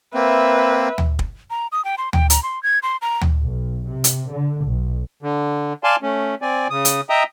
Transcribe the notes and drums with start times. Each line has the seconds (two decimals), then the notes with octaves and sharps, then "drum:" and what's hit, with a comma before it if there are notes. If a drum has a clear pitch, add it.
0.14 A#3 C4 B4 E5
0.98 drum: tom D2
1.19 drum: kick
1.50 A#5
1.72 D#6
1.85 G5
1.98 C6
2.13 G5, drum: tom D2
2.30 A#5, drum: hi-hat
2.43 C6
2.63 G#6
2.83 C6
3.02 A#5
3.21 drum: tom D2
3.43 B1
3.88 C3
4.04 drum: hi-hat
4.30 D3
4.66 B1
5.22 D3
5.84 D5 F5 G#5 A5 C6
6.02 A3 C#4
6.42 C4 D5 G#5
6.70 C#3 D#6
6.85 drum: hi-hat
7.10 D#5 E5 G5 A#5 D#6